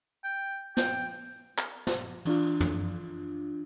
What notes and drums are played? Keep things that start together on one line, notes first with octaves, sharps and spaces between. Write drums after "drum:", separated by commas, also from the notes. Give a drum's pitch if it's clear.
G5
G5, drum: snare
drum: clap
drum: snare
E3 D4 F4, drum: cymbal
drum: tom